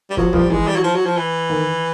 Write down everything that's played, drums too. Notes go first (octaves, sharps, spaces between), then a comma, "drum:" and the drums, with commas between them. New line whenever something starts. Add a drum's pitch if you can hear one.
G3
F3 F#3, drum: kick
F3 G3, drum: tom
E3 G#3
G3
F#3
F3
F#3
F3
E3
D#3